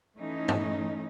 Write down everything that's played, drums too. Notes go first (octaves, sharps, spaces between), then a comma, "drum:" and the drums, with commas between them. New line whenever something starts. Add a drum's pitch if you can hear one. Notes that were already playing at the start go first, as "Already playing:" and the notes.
E3 A3 C#4 D#4
drum: tom G2